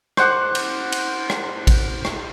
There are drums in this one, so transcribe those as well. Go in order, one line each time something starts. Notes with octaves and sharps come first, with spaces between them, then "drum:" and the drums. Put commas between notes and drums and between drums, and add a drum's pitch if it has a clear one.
C5 F#5 D6, drum: rim click
drum: cymbal
drum: cymbal
drum: rim click
drum: kick A1, cymbal
drum: rim click